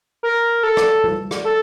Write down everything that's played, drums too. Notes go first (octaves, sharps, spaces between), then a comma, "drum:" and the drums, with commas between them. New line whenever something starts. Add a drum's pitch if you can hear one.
A#4
A4
drum: rim click
drum: tom
drum: rim click
A4